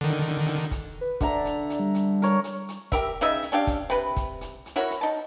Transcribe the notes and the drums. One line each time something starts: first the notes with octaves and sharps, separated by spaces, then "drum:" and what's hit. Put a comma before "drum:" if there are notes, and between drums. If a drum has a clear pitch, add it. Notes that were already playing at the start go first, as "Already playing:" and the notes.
D3 D#3
drum: hi-hat
drum: kick, hi-hat
B4
D3 D5 E5 A#5, drum: kick, hi-hat
drum: hi-hat
drum: hi-hat
G3
drum: hi-hat
A#4 C#5, drum: hi-hat
drum: hi-hat
drum: hi-hat
G4 A#4 E5, drum: kick, hi-hat
C#3 D#4 D#5 E5
drum: hi-hat
C#4 D4 G4 F5
drum: kick, hi-hat
C3 B4, drum: hi-hat
drum: kick, hi-hat
drum: hi-hat
drum: hi-hat
E4 F#4 A#4 C#5
drum: hi-hat
D#4 A5